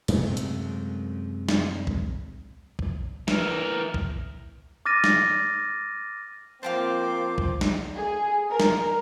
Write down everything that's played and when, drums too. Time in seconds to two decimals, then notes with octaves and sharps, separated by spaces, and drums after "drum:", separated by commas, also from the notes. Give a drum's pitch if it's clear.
0.08 F#2 C3 G#3 A3, drum: cymbal
0.37 drum: hi-hat
1.49 drum: snare
1.87 drum: kick B1
2.79 drum: kick B1
3.28 E3 A#4, drum: snare
3.94 drum: kick B1
4.86 D6 F6 A6 A#6 D#7
5.04 drum: snare
6.63 F3 A#3 C4 C5 F5 G5 A5 D6
7.38 drum: kick B1
7.61 drum: snare
7.96 G#4
8.49 A#4
8.60 drum: snare